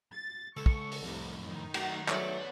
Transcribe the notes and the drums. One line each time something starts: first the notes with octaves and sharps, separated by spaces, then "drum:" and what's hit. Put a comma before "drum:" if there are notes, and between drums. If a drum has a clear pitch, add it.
A6
C#2 A4 C#6
drum: kick
drum: open hi-hat
C2 F2 A2
F#2 D#3 D#4
A3 F#4, drum: cymbal
G#2 F#3 A3 B3 C#5 D5, drum: clap